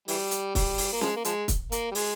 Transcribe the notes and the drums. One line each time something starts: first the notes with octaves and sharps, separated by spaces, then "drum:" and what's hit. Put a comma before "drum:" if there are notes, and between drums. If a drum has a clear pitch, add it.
E3 G3, drum: open hi-hat
drum: hi-hat
G3, drum: kick, open hi-hat
drum: open hi-hat
A#3
F3 G#3, drum: snare
A#3
F3 G#3, drum: hi-hat
drum: kick, hi-hat
A#3, drum: hi-hat
G3
G#3, drum: open hi-hat